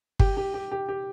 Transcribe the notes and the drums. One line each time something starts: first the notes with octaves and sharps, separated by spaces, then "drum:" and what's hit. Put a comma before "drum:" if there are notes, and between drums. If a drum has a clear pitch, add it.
G4, drum: kick
G4
G4
G4
G4